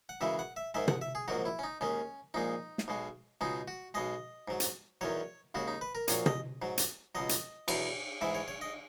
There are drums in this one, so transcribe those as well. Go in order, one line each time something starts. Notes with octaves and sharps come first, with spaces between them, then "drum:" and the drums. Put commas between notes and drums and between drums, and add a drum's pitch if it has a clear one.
F#5
F#2 C#3 E3 G#3 E5
F#5
E5
G#2 D#3 G#3 E5
F#5, drum: tom
E5
G#4
A#1 G#2 D#3 F#3 F#4
E4
C#4
D#4
D#2 D#3 G#3 C#4
A#1 A#2 G#3 D#4
drum: snare
B1 B2 G#3
C#2 B2 G#3 D#4
F#4
B1 B2 G#3 D#5
G#2 F#3
drum: hi-hat
E2 D#3 F#3 C#5
D#2 C#3 G#3 F#4
D#4
B4
A#4
A#1 A#2 F#3 C#5, drum: hi-hat
D#5, drum: tom
G#2 F#3
drum: hi-hat
C#2 B2 F#3 D#5
drum: hi-hat
E2 B2 F#3, drum: cymbal
G#2 E3 G#3 E5
C#5
C#5
D#5